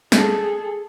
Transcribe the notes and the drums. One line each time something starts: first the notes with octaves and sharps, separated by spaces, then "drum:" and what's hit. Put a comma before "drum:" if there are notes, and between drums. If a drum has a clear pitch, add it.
G#4 A4, drum: snare